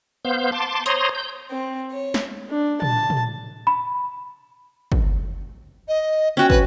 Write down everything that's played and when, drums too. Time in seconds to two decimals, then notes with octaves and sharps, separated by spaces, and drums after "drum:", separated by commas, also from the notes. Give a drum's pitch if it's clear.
0.25 B3 C5 F5 G6
0.52 A5 C6 D6
0.86 C5 C#5 A#5 C6 D#6, drum: hi-hat
1.15 G6
1.50 C4
1.91 C#5
2.14 drum: snare
2.49 D4
2.82 A5, drum: tom
3.10 drum: tom
3.67 B5
4.92 drum: kick
5.88 D#5
6.37 C#4 F#4 G5
6.50 B4, drum: kick